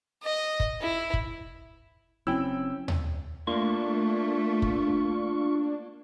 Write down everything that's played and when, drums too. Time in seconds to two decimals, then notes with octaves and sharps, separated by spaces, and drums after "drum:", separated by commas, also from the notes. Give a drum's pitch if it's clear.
0.23 D#5
0.60 drum: kick
0.81 E4
1.14 drum: kick
2.27 F#1 F#2 C4 C#4 E4 G5 E6
2.88 drum: tom D#2
3.47 A3 A#3 D4 F4 C#6
4.62 drum: kick